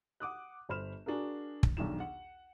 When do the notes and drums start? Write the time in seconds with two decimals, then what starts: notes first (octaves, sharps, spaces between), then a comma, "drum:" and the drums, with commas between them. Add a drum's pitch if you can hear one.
0.20 F#5 D6 D#6 F#6
0.69 G1 C5 B5 F6 E7
1.06 D4 F#4 G#4 A#4
1.63 drum: kick
1.77 B1 E2 D#3 D4 D#4 E7
2.00 F#5